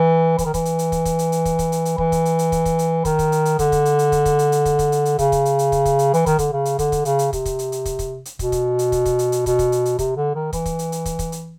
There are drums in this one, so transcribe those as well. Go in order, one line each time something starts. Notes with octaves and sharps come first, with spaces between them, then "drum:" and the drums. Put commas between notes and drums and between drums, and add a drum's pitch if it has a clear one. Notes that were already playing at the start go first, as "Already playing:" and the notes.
Already playing: E3
E3, drum: kick, hi-hat
D#3
E3, drum: kick, hi-hat
drum: hi-hat
drum: hi-hat
drum: kick, hi-hat
drum: kick, hi-hat
drum: hi-hat
drum: hi-hat
drum: kick, hi-hat
drum: kick, hi-hat
drum: hi-hat
drum: hi-hat
E3, drum: kick
drum: kick, hi-hat
drum: hi-hat
drum: hi-hat
drum: kick, hi-hat
drum: kick, hi-hat
drum: hi-hat
D#3, drum: kick, hi-hat
drum: kick, hi-hat
drum: hi-hat
drum: hi-hat
D3, drum: kick, hi-hat
drum: kick, hi-hat
drum: hi-hat
drum: hi-hat
drum: kick, hi-hat
drum: kick, hi-hat
drum: hi-hat
drum: hi-hat
drum: kick, hi-hat
drum: kick, hi-hat
drum: hi-hat
drum: hi-hat
C#3, drum: kick, hi-hat
drum: kick, hi-hat
drum: hi-hat
drum: hi-hat
drum: kick, hi-hat
drum: kick, hi-hat
drum: hi-hat
E3, drum: hi-hat
D#3, drum: kick, hi-hat
D3, drum: kick, hi-hat
C#3
drum: hi-hat
D3, drum: kick, hi-hat
drum: kick, hi-hat
C#3, drum: hi-hat
drum: hi-hat
C3, drum: kick, hi-hat
drum: kick, hi-hat
drum: hi-hat
drum: hi-hat
drum: kick, hi-hat
drum: kick, hi-hat
drum: hi-hat
B2, drum: kick, hi-hat
drum: kick, hi-hat
drum: hi-hat
drum: kick, hi-hat
drum: kick, hi-hat
drum: hi-hat
drum: hi-hat
B2, drum: kick, hi-hat
drum: kick, hi-hat
drum: hi-hat
drum: hi-hat
C3, drum: kick, hi-hat
D3
D#3
E3, drum: kick, hi-hat
drum: kick, hi-hat
drum: hi-hat
drum: hi-hat
drum: kick, hi-hat
drum: kick, hi-hat
drum: hi-hat